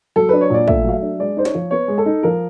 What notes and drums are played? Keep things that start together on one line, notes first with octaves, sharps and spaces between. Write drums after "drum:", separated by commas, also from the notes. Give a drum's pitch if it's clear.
F#3 A4
D4 B4
C#5
A#2 D5
A3 E5, drum: kick
F#3 F5
E5
D4
G#3 D5
D#4 C5
C#5, drum: snare
F3
B3 C#5
G#3
A4
D#4
F3 A#4